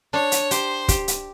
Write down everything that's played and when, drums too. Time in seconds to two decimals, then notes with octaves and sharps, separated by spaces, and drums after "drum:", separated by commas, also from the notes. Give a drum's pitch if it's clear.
0.13 D4 C#5
0.32 drum: hi-hat
0.51 G4 C5, drum: hi-hat
0.88 G4, drum: kick, hi-hat
1.08 drum: hi-hat